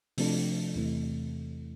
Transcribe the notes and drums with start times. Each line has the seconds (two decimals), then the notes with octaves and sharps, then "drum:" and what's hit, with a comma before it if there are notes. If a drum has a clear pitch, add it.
0.18 C3 F3 A3 D4 A4, drum: open hi-hat
0.75 E2 C3 E3 A3